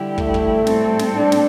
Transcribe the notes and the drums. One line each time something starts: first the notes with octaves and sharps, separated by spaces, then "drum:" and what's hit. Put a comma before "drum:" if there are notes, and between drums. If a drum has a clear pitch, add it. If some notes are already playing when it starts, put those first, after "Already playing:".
Already playing: D3 G3 E4 G4
A3, drum: kick
drum: kick
A2 G3 C4 A4, drum: snare
drum: snare
D4
drum: snare